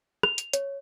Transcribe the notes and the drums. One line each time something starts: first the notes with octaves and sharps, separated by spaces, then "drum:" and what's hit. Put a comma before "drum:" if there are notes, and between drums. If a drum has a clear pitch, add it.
F7, drum: rim click
drum: hi-hat
C#5, drum: hi-hat